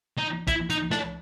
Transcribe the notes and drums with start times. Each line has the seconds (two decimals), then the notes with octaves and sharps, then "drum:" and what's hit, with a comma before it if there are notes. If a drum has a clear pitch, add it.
0.18 D#4
0.47 E4, drum: kick, hi-hat
0.70 D#4, drum: hi-hat
0.92 D4, drum: snare